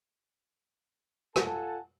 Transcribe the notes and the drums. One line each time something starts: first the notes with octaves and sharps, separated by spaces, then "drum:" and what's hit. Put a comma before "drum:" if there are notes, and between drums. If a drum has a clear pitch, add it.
F4 A4 F#5 G#5 A5, drum: rim click